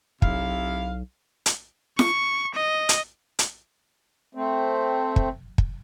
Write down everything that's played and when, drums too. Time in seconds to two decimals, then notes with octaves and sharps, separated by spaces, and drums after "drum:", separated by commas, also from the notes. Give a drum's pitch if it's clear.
0.22 B1 C3 E4 F5, drum: kick
1.46 drum: hi-hat
1.99 C#6, drum: snare
2.54 D#5
2.89 drum: hi-hat
3.39 drum: hi-hat
4.35 A3 C4
5.16 drum: kick
5.58 drum: kick